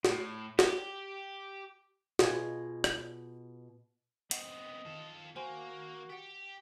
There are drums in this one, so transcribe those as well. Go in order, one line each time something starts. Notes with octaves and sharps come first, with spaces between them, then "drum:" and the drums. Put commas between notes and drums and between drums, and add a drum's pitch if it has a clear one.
A2, drum: snare
G4, drum: snare
B2 F4 G#4 D#5, drum: snare
drum: rim click
B3 C4 D#5 F#5 C7, drum: hi-hat
D#3 F4 A4
A#3 F#4 C5 G#5 C6
G4 F#5 A6 D7